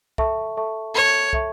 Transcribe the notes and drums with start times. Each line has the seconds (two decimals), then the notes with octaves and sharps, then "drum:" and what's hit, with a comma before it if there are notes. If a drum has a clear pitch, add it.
0.18 A4 E5 A5 C#6, drum: kick
0.57 A4 E5 A5 C#6
0.94 A4 C#5 E5 A5 C#6
1.33 A4 E5 A5 C#6, drum: kick